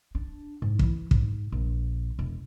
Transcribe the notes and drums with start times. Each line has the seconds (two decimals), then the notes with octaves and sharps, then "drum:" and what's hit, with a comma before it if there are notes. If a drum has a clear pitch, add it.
0.15 D4
0.62 G#2
0.79 E3 E4, drum: kick
1.11 G#2, drum: kick
1.52 A#1
2.19 E1